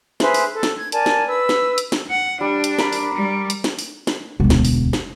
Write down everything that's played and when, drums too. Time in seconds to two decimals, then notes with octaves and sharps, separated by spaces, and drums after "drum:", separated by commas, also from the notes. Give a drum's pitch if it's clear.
0.20 G#4 B4 C5 E5, drum: snare
0.34 drum: open hi-hat
0.53 A4
0.63 drum: snare
0.78 G#6
0.92 A#4 D5 G#5 A5, drum: hi-hat
1.06 drum: snare
1.27 B4 E6
1.49 drum: snare
1.78 drum: hi-hat
1.92 drum: snare
2.10 F#5
2.41 G3 D4
2.64 drum: hi-hat
2.79 A#4 D5 B5, drum: snare
2.93 drum: open hi-hat
3.14 G3
3.50 drum: hi-hat
3.64 drum: snare
3.79 drum: open hi-hat
4.07 drum: snare
4.40 E1 D2
4.50 drum: snare
4.65 drum: open hi-hat
4.93 drum: snare